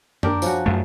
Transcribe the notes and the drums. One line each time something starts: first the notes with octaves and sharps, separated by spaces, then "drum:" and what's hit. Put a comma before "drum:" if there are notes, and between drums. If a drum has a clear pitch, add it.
D4 G4 A#4, drum: tom F#2
F3 C#4 F#4, drum: tambourine
F#2 A3 F5